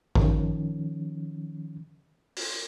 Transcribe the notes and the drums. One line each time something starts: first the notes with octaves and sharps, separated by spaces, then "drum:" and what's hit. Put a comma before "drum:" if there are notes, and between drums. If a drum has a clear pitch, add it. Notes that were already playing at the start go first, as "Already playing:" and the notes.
D#3 F3 C#4, drum: kick G#1
drum: open hi-hat